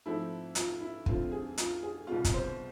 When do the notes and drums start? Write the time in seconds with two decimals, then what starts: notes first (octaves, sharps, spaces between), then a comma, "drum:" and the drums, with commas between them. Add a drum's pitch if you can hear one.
0.06 G#2 F3 A3 C4 E4
0.55 F4, drum: hi-hat
0.81 E4
1.06 F2 D3 A3 C4 F4, drum: kick
1.32 G#4
1.58 F4, drum: hi-hat
1.83 G#4
2.07 C2 B2 G#3 B3 F4
2.24 drum: kick, hi-hat
2.34 C5